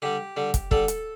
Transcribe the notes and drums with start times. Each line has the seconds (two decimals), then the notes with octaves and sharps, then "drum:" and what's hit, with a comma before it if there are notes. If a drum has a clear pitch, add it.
0.02 D3 G3 G4
0.37 D3 G3
0.54 drum: kick, hi-hat
0.71 D3 G3 A4, drum: kick
0.88 drum: hi-hat